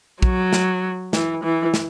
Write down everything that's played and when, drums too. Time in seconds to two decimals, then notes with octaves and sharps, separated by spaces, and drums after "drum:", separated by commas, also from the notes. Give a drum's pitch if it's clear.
0.23 F#3, drum: kick
0.53 drum: snare
1.13 E3, drum: snare
1.44 E3
1.74 drum: snare